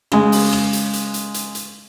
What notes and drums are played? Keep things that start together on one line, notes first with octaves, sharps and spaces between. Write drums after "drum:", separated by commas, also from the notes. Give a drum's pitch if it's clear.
C#3 G#3, drum: rim click
drum: open hi-hat
drum: rim click
drum: hi-hat
drum: hi-hat
drum: hi-hat
drum: hi-hat
drum: hi-hat